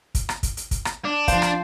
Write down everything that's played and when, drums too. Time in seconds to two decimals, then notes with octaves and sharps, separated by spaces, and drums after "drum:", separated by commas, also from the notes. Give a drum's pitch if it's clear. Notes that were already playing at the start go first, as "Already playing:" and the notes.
0.15 drum: kick, hi-hat
0.29 drum: rim click
0.43 drum: kick, hi-hat
0.57 drum: hi-hat
0.71 drum: kick, hi-hat
0.85 drum: rim click
1.05 D4
1.28 F3 C5 F5, drum: kick, hi-hat
1.42 drum: rim click